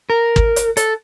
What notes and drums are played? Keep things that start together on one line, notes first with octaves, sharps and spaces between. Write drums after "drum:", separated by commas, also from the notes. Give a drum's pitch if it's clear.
A#4
drum: kick
drum: hi-hat
A4, drum: hi-hat